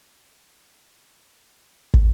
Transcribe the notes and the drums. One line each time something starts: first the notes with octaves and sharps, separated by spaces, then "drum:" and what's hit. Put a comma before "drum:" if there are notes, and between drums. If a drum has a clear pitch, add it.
D3 C5
drum: kick